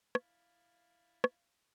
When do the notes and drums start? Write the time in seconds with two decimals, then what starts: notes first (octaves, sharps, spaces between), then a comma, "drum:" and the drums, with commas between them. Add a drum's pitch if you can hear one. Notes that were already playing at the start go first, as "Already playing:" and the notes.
0.15 E4 D5 E5 F5, drum: rim click
1.24 drum: rim click